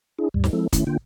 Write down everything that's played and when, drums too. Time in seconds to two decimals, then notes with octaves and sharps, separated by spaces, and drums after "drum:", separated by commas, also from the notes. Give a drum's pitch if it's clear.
0.19 D4 E4 G#4
0.34 D#2 G#2 G3
0.44 drum: snare
0.53 F3 G#3 C4 E4 A4
0.73 D#3 A3 C#4 E4, drum: kick, hi-hat
0.87 D3 A#3 D4 F4 G5